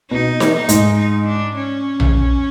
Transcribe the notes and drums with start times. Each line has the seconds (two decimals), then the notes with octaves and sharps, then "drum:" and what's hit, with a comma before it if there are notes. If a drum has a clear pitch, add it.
0.11 B2 D#4
0.40 drum: snare
0.55 D#4
0.69 G#2, drum: hi-hat
0.98 D#4
1.27 D4
1.56 C#4
2.00 drum: tom A#1